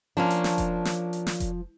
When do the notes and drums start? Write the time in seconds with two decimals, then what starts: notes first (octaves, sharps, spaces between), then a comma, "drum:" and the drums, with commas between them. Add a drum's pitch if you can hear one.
0.17 F3 A#3 C#4 D4
0.30 drum: hi-hat
0.44 drum: snare
0.58 drum: kick F1, hi-hat
0.85 drum: snare
1.13 drum: hi-hat
1.27 drum: snare
1.40 drum: kick F1, hi-hat